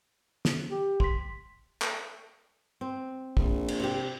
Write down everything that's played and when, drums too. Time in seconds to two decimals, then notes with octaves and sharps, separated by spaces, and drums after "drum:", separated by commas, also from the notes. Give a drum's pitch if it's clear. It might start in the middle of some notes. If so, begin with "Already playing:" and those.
0.45 drum: snare
0.69 G4
1.00 C6 B6, drum: kick
1.82 drum: clap
2.81 C4
3.37 A#1, drum: kick
3.68 drum: cymbal
3.80 C3 G4